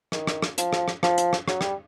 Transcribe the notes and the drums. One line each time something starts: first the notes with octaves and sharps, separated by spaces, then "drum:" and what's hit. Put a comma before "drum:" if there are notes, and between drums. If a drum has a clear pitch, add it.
D#3, drum: rim click
drum: rim click
drum: rim click
F3, drum: hi-hat
drum: rim click
drum: rim click
F3, drum: rim click
drum: hi-hat
drum: rim click
F#3, drum: rim click
G3, drum: rim click